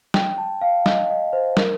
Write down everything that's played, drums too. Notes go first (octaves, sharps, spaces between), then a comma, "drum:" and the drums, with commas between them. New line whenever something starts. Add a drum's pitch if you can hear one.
G5, drum: snare
A5
F5
D#5, drum: snare
D#5
C5
A#4, drum: snare